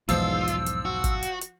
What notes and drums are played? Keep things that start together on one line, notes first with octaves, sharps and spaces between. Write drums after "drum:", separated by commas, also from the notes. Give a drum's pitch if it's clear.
B1 E2 G#2 F3 F4 C5 E6, drum: hi-hat
drum: hi-hat
drum: hi-hat
F#4
drum: kick, hi-hat
drum: hi-hat
drum: hi-hat